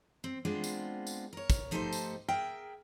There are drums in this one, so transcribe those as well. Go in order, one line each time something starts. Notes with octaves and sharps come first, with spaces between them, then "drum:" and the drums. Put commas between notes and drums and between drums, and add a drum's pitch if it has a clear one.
C4
G#3 B3 C4 D4 F4
drum: tambourine
drum: tambourine
A#4 C#5
drum: kick, tambourine
F3 A3 D#4 G4 A4 C5
drum: tambourine
G#4 A#4 E5 G5